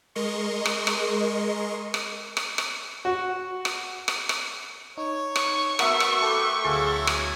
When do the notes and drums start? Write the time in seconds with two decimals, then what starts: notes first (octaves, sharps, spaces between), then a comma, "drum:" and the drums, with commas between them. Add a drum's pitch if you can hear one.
0.15 G#3 A#4 D#5 C6 C#6
0.65 drum: rim click
0.87 drum: rim click
1.94 drum: rim click
2.37 drum: rim click
2.58 drum: rim click
3.05 F#4
3.65 drum: rim click
4.08 drum: rim click
4.29 drum: rim click
4.97 D#4 C#5
5.36 C#6, drum: rim click
5.79 A3 B3 F#4 A#4 E5, drum: rim click
6.00 drum: rim click
6.22 A4 B4 G5 B5 D6 E6
6.64 D2 F#3 E4 G#4 A4 F5 F#5
7.07 drum: rim click